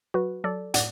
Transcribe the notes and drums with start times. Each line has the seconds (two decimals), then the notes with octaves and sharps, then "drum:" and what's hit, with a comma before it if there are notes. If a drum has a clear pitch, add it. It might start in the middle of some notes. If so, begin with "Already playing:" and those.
0.14 F#3 F#4 B4
0.44 F#3 A4 D5
0.74 A2 D5 F#5, drum: hi-hat